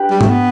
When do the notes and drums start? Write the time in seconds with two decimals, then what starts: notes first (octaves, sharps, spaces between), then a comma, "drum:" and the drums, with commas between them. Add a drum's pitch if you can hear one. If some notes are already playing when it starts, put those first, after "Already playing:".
Already playing: D4 G4 B4
0.10 G3
0.21 A3, drum: tom G#2
0.30 B3